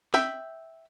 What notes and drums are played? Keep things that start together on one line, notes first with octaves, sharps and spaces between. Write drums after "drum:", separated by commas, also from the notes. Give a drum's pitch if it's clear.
E5 G5 B5, drum: snare C4